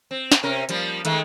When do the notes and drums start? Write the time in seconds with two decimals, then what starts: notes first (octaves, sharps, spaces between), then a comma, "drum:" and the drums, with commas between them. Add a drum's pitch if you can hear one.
0.11 C4
0.32 drum: snare
0.43 C3 C#4 A#4
0.69 F3 G3 A#3, drum: hi-hat
1.05 D#3 G#3 A3, drum: hi-hat